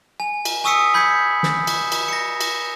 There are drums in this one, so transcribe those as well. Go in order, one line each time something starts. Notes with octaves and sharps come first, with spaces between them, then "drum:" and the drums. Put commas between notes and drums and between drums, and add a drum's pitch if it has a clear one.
G#5
drum: cymbal
G#5 C#6 D#6 E6 B6 C#7
B5 G6 G#6 B6 C#7
drum: snare
drum: cymbal
drum: cymbal
A#6 C#7
drum: cymbal